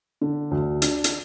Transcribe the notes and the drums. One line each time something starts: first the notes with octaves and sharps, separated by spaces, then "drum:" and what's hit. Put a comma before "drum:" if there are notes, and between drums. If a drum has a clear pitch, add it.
D3
D2
D4, drum: hi-hat
drum: hi-hat